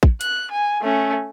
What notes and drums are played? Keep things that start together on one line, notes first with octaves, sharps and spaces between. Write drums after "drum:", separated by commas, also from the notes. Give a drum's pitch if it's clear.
drum: kick A1
F#6, drum: hi-hat
G#5
A3 C#4